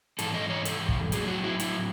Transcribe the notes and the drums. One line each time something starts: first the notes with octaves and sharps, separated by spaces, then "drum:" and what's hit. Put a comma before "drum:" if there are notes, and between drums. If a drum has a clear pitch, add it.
G#2 E3 A4, drum: hi-hat
D#5
C#5
A4, drum: hi-hat
drum: kick
A2 F#3 G#4, drum: hi-hat
F#4
E4
E4, drum: hi-hat